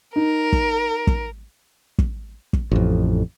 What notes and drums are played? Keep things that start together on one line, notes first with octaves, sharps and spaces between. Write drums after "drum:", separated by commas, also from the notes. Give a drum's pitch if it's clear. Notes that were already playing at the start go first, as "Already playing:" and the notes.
D#4 A#4
drum: kick
drum: kick
drum: kick
drum: kick
A1 F2